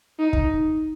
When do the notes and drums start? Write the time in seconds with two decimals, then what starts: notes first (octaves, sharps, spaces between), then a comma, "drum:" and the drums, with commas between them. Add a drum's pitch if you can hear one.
0.19 D#4
0.33 drum: kick